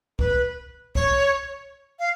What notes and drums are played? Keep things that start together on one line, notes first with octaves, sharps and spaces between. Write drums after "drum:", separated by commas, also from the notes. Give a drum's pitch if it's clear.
B4, drum: kick
C#5, drum: kick
F5